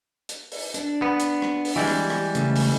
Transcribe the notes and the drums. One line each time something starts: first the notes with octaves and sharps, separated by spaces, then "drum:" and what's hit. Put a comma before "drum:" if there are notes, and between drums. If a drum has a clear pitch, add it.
drum: hi-hat
drum: open hi-hat
D4, drum: hi-hat
B3
drum: hi-hat
drum: rim click
drum: open hi-hat
E3 G3 G#3
drum: rim click
drum: rim click
C#3 A3, drum: hi-hat
drum: open hi-hat